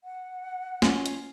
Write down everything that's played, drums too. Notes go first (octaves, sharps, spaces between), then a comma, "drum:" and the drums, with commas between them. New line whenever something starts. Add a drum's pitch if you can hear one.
F#5
C#4 F4, drum: snare
drum: hi-hat